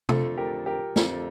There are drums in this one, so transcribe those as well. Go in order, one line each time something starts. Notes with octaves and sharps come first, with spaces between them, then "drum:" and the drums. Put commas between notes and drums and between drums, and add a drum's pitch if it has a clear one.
F2 D3 A3 F4 A4, drum: tom C3
G4 A#4
G4 A#4
F2 D3 A3, drum: snare